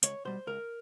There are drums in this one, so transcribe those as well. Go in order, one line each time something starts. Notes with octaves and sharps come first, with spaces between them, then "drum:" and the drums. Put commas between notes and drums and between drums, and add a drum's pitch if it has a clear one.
C#2 C#5, drum: hi-hat
B2 G3 C5
C#2 A#4